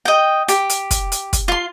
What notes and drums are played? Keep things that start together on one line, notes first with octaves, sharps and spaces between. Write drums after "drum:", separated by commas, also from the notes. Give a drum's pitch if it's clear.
D#5 G5
G4, drum: hi-hat
drum: hi-hat
drum: kick, hi-hat
drum: hi-hat
drum: kick, hi-hat
F4 C6